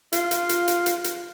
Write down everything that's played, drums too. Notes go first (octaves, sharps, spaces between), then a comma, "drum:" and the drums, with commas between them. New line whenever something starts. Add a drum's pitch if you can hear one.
F4, drum: hi-hat
drum: hi-hat
drum: hi-hat
drum: hi-hat
drum: hi-hat
drum: hi-hat